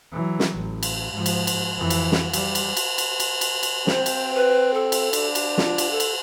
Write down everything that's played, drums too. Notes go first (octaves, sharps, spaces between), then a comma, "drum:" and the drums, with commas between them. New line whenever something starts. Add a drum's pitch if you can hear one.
E3 F#3
drum: snare
A1
drum: cymbal
G#2 F3
drum: cymbal
drum: cymbal
F2 E3
drum: cymbal
drum: snare
G3, drum: cymbal
drum: cymbal
drum: cymbal
drum: cymbal
drum: cymbal
drum: cymbal
drum: cymbal
C4 C5, drum: snare
drum: cymbal
B4
A4
drum: cymbal
D4, drum: cymbal
drum: cymbal
F4, drum: snare
drum: cymbal
A4
drum: cymbal